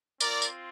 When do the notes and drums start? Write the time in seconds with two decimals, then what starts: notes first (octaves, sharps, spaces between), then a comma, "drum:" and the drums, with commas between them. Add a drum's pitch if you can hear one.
0.20 C4 F4 A#4 D5, drum: tambourine
0.42 drum: tambourine